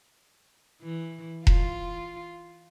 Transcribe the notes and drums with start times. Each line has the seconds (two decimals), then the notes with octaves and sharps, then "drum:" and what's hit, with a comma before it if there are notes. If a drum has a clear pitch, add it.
0.82 E3
1.47 F4, drum: kick E1